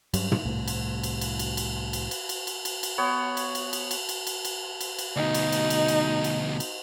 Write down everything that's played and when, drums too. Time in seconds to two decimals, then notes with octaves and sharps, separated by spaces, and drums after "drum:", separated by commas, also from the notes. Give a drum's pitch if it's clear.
0.14 G2 F#3 G3, drum: cymbal
0.32 drum: tom
0.45 C2 A2
0.68 drum: cymbal
1.03 drum: cymbal
1.21 drum: cymbal
1.39 drum: cymbal
1.57 drum: cymbal
1.93 drum: cymbal
2.11 drum: cymbal
2.29 drum: cymbal
2.47 drum: cymbal
2.65 drum: cymbal
2.83 drum: cymbal
2.98 B3 C#5
3.37 drum: cymbal
3.55 drum: cymbal
3.73 drum: cymbal
3.91 drum: cymbal
4.09 drum: cymbal
4.27 drum: cymbal
4.45 drum: cymbal
4.81 drum: cymbal
4.99 drum: cymbal
5.16 D2 B2 D#4
5.34 drum: cymbal
5.52 drum: cymbal
5.70 drum: cymbal
5.88 drum: cymbal
6.24 drum: cymbal
6.60 drum: cymbal